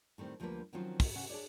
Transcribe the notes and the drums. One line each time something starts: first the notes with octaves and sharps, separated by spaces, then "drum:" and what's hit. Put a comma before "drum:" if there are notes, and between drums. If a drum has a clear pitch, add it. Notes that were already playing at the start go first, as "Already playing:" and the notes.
A2 D#3 G3 C4
D2 F3 G3 A#3 D4 B4
D#3 F3 F#3 C4 C#4 F4
drum: kick, open hi-hat
C3 C#4 F#5
D4 G#4 C#5 D5